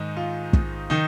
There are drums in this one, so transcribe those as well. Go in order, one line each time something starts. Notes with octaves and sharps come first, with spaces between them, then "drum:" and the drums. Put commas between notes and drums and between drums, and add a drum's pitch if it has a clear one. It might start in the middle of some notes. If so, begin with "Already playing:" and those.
Already playing: G#2 D#3 D#4
F4
drum: kick
D#3 D#4